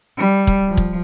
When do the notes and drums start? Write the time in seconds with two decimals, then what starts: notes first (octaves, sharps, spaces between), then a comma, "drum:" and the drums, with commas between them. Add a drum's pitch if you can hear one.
0.17 G3
0.47 drum: kick
0.68 F3
0.77 drum: kick